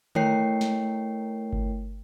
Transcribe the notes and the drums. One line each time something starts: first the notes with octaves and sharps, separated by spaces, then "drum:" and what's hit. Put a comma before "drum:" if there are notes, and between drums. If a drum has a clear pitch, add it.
A3 E4 A#4 C#5 G5 C7, drum: tom D3
drum: snare
drum: kick G1